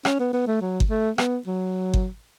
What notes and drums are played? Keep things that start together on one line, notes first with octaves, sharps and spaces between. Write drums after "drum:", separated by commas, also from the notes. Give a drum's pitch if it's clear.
C#4, drum: rim click
B3
B3
A3
F#3
drum: kick G1
A3
B3, drum: rim click
F#3
drum: kick G1